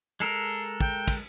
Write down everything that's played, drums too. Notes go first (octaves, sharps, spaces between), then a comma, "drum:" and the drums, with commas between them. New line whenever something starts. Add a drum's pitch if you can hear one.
G#3 A4 A#4 C7
G5, drum: kick
drum: kick, cymbal